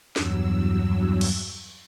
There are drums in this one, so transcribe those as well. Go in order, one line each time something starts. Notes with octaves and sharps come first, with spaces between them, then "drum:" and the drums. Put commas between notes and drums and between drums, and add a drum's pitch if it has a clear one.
E2 G2 F#3 E6, drum: snare
drum: cymbal